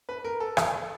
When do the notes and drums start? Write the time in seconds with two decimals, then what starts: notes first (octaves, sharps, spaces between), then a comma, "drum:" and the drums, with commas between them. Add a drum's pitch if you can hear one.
0.09 B4
0.25 A#4
0.40 A4
0.57 drum: rim click